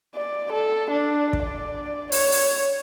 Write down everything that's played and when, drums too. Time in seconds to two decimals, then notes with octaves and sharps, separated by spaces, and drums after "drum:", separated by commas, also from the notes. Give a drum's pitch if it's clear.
0.15 D5
0.52 A4
0.90 D4
1.33 drum: kick
1.43 D5
2.12 C#5, drum: open hi-hat
2.32 drum: open hi-hat